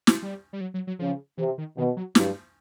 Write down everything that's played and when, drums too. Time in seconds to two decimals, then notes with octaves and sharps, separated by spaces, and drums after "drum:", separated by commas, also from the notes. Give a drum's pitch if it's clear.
0.07 drum: snare
0.23 G3
0.53 G3
0.61 F#3
0.74 F#3
0.87 F#3
0.99 C#3 F3
1.38 C3 E3
1.58 D#3
1.77 B2 D#3
1.96 F#3
2.15 G2 F#3, drum: snare